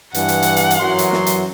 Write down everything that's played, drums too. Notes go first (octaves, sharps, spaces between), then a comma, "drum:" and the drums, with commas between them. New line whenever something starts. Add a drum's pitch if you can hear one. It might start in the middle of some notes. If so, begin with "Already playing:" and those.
G2 E3 F#5, drum: hi-hat
drum: hi-hat
drum: hi-hat
drum: hi-hat
drum: hi-hat
F#2 E3 F#3 C6
drum: hi-hat
drum: snare
drum: hi-hat